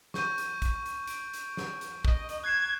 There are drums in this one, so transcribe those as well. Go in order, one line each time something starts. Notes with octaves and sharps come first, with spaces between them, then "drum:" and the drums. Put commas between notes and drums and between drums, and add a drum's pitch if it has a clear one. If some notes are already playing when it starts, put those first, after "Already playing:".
C#6 G6 D#7, drum: snare
drum: hi-hat
drum: kick, hi-hat
drum: hi-hat
D7, drum: hi-hat
drum: hi-hat
drum: snare
drum: hi-hat
D#5, drum: kick
drum: hi-hat
F#6 G#6 C7 E7